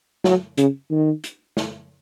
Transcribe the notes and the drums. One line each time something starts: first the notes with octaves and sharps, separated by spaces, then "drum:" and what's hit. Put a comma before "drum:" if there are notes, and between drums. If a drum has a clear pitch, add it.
F#3, drum: snare
C#3, drum: hi-hat
D#3
drum: hi-hat
drum: snare